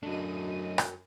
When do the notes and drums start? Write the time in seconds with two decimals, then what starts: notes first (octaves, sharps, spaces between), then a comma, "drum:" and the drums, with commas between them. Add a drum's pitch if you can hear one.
0.03 F#2 F#3 A3 D4 D#5 D#7
0.78 drum: rim click